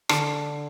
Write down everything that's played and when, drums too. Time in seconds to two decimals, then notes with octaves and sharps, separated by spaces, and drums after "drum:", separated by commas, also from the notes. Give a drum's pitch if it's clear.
0.09 D3 A5, drum: rim click